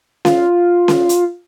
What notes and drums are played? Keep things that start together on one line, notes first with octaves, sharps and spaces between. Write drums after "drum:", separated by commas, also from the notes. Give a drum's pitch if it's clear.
F4, drum: snare C#4
drum: snare C#4
drum: hi-hat